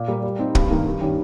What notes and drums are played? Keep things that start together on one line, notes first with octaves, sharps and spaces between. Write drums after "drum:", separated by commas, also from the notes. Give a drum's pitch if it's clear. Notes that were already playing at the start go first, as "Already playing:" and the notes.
Already playing: A#2
G3 A#3
G3
C4 D#4
G2, drum: kick
D#3 A#3
G2
D#3 G3 C#4 G4